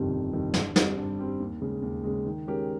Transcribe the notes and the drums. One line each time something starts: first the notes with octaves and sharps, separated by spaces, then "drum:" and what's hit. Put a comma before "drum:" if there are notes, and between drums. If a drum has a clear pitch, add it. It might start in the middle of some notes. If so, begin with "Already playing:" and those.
Already playing: G1 F2 C3 D#3 G3
G1
F2 C3 D#3 G3
G2, drum: snare
G3 C4 G4, drum: snare
G2
G3 C4 G4
D#2
C#3 G#3
D#2
C#3 G#3
D#3
G#3 C#4 G4 A#4